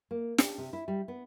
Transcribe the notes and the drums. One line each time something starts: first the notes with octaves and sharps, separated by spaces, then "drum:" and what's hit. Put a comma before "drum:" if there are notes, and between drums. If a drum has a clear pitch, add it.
A#3
D4, drum: snare
C3
E4
G3
B3